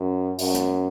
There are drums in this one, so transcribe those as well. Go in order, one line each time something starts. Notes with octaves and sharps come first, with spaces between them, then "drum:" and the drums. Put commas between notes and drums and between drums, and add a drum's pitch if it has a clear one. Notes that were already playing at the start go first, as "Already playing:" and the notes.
Already playing: F#2
F#2, drum: open hi-hat
drum: hi-hat